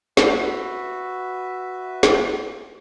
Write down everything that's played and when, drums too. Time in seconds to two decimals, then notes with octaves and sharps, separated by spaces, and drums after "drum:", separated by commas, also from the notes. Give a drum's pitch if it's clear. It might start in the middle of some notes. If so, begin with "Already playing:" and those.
0.17 F#4 B4 E5, drum: snare
2.03 drum: snare